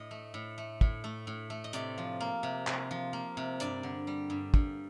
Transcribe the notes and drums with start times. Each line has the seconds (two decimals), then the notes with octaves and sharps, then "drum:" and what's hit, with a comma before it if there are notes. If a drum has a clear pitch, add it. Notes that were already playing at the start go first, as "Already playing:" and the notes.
Already playing: A2 D#5
0.11 A3
0.34 A2
0.58 A3
0.81 A2, drum: kick
1.04 A3
1.27 A2
1.50 A3
1.64 D#5
1.73 C3 D5, drum: hi-hat
1.98 F3
2.20 A#3
2.43 C3
2.67 C3, drum: clap
2.91 F3
3.13 A#3
3.37 C3
3.60 G2 D5, drum: hi-hat
3.83 D3
4.07 G3
4.30 G2
4.54 G2, drum: kick